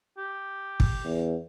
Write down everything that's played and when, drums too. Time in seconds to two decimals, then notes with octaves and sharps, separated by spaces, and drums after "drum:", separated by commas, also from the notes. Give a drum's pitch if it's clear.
0.18 G4
0.80 drum: kick
1.05 E2